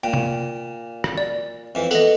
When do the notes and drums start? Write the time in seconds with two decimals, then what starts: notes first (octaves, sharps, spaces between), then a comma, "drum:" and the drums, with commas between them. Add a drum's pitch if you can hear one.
0.03 A#2 G5
0.13 drum: tom C3
1.04 drum: rim click
1.18 D5
1.75 F2 E3
1.91 B3 A4 D#5, drum: tambourine